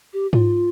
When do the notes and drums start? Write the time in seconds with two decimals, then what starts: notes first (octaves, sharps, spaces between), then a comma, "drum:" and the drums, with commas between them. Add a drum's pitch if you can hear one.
0.13 G4
0.33 F4, drum: tom G#2